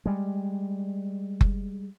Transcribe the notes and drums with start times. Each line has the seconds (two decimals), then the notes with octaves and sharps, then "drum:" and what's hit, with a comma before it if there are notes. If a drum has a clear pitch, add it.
0.06 G3 G#3
1.41 drum: kick F#1